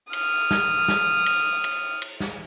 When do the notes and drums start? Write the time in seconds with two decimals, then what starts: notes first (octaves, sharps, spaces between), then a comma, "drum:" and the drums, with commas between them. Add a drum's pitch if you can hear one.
0.13 D#6 F6, drum: cymbal
0.51 drum: snare
0.88 drum: snare
1.26 drum: cymbal
1.64 drum: cymbal
2.02 drum: cymbal
2.20 drum: snare